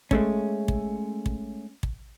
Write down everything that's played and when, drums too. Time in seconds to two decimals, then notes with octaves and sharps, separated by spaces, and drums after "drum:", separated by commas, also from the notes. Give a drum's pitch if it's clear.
0.11 G#3 A3 C#4, drum: kick
0.68 drum: kick
1.26 drum: kick
1.83 drum: kick